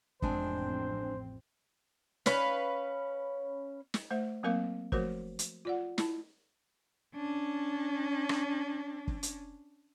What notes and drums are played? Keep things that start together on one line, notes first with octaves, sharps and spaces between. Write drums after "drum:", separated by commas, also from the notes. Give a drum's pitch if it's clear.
A1 F2 G#3 C4 D4 C5 G#5, drum: kick F#1
C#4 B4 F5, drum: snare
drum: snare
A3 C5 E5
F#3 A#3 C4 A#4 F5 D6
F3 A3 F#4 A#4 C5, drum: kick F#1
drum: hi-hat
F4 D5 F#5
E4 A5, drum: snare
C#4 D4
drum: rim click
drum: kick F#1
drum: hi-hat